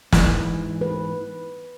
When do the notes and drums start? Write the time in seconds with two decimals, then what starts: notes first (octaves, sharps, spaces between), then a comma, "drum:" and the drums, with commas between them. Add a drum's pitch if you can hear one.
0.13 G#2 E3, drum: snare
0.81 B4